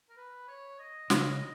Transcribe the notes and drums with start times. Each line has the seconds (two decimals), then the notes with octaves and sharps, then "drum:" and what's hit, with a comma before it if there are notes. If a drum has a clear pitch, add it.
0.10 A#4
0.17 B4
0.48 C#5
0.79 D#5
1.10 C#3, drum: snare